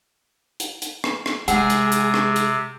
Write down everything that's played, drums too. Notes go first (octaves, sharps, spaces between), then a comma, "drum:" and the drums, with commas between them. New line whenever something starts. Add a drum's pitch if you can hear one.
drum: hi-hat
drum: hi-hat
drum: rim click
drum: rim click
C3 G#3 G#4 F#5, drum: hi-hat
drum: hi-hat
drum: hi-hat
drum: rim click
drum: hi-hat